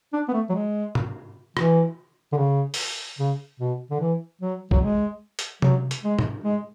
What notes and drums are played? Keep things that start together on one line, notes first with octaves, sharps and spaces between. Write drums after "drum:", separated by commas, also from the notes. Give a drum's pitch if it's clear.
D4
B3
A3
F#3
G#3
drum: tom G#2
E3, drum: rim click
D3
C#3
drum: open hi-hat
C#3
B2
D3
E3
F#3
F#3, drum: kick A#1
G#3
drum: hi-hat
F#3, drum: tom C3
drum: hi-hat
G#3
drum: tom G#2
G#3